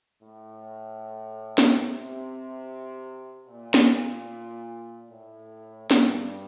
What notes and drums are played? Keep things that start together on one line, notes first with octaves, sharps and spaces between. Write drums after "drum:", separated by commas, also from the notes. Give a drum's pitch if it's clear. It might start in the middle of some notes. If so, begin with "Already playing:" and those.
A2
drum: snare
C3
A#2
drum: snare
A2
G2, drum: snare